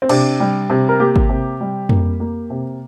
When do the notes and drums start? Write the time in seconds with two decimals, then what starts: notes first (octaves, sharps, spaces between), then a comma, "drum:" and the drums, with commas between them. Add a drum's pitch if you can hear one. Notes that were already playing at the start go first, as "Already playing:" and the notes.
0.02 C4
0.09 C3 D4, drum: cymbal
0.40 G3
0.70 C3
0.89 A#4
1.00 A#3 G4
1.16 drum: kick G#1
1.29 C3
1.61 G3
1.89 A#3, drum: tom F2
2.20 A#3
2.50 C3